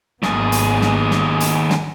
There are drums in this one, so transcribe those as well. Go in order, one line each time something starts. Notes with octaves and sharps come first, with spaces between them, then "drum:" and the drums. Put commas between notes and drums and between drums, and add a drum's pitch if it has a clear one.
G#1 D#2 B3 G#4, drum: snare
drum: hi-hat
drum: snare
drum: snare
drum: hi-hat
drum: snare